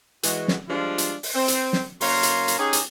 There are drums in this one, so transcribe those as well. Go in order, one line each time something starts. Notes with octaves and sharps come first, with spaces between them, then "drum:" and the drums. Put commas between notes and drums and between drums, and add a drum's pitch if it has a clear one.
E3 G#3 F#4, drum: hi-hat
drum: snare
F3 G3 G#3 D4 F4
drum: hi-hat
drum: open hi-hat
C4
drum: hi-hat
drum: snare
F#2 A#3 C#5 F5 A#5 C6, drum: open hi-hat
drum: hi-hat
drum: hi-hat
C#4 D#4 G4 G#4
drum: hi-hat